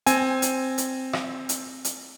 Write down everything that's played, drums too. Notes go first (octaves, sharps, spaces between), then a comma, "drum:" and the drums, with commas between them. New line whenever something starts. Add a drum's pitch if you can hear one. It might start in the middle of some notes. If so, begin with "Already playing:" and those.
C4 G#5, drum: hi-hat
drum: hi-hat
drum: hi-hat
drum: rim click
drum: hi-hat
drum: hi-hat